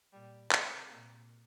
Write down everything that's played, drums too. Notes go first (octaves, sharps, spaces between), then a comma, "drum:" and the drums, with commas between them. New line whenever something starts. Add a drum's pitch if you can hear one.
A#2 G3
C3 G#3, drum: clap
A#2 A#3